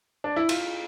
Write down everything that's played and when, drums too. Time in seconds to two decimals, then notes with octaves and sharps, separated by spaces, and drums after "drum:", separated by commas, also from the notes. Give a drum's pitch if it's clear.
0.24 D4
0.36 E4
0.49 F4, drum: cymbal